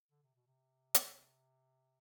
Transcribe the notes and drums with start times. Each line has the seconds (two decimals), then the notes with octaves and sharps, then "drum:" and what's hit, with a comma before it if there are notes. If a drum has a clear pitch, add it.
0.11 D3
0.23 C3
0.36 B2
0.47 C3
0.95 drum: hi-hat